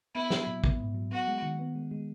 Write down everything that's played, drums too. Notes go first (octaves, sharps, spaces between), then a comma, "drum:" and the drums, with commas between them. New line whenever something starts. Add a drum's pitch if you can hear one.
B3 E4
F#3, drum: snare
A#2
B3, drum: kick
G#2
F#3
B3 F#4
G#3
D#3
B3
G#3
G#3